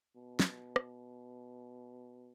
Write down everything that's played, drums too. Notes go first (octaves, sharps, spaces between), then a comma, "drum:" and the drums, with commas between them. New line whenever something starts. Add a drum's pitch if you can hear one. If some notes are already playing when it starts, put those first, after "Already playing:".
B2
drum: snare
drum: rim click